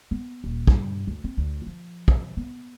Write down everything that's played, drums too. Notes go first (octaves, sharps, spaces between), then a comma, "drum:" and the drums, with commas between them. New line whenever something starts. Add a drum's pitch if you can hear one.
B3
D#1
G2, drum: kick
D2
C4
D2
F3
drum: kick
B3